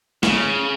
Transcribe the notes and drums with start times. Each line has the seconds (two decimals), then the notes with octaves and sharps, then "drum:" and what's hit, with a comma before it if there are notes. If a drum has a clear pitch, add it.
0.23 C#3, drum: snare